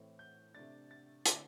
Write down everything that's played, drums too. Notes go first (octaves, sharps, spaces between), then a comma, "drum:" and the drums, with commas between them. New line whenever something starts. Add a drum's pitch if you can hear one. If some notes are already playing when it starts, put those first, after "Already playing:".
Already playing: A2 E3 A3 C4
G6
C3 A3 D4 A6
A6
D3 A3 C4 D6, drum: hi-hat